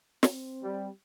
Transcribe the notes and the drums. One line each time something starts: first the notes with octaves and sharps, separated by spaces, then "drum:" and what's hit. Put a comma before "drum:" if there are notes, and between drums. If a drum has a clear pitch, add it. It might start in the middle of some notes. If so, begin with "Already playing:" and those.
C4, drum: snare
G3